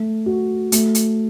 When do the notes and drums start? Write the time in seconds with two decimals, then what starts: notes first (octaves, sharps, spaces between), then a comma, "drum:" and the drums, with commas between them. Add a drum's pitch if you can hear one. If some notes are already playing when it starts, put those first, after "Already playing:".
Already playing: A3
0.26 F#4
0.72 A3, drum: hi-hat
0.95 drum: hi-hat